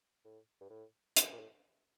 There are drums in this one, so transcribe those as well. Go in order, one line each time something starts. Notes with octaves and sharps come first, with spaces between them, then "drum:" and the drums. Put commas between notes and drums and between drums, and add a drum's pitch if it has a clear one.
A2
G2
A2
A2, drum: hi-hat
A#2
A2